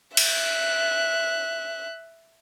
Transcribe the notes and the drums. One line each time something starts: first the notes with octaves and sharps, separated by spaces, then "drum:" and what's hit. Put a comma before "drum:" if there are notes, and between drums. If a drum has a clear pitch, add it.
E5 F#6, drum: cymbal